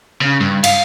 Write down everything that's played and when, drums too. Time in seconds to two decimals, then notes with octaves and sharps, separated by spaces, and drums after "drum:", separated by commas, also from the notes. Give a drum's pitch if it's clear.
0.22 C#3
0.40 G2
0.64 F5, drum: cymbal